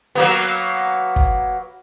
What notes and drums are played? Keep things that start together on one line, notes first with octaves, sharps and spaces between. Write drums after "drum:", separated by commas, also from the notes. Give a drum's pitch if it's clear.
F#3 A#3 B3, drum: hi-hat
drum: hi-hat
drum: kick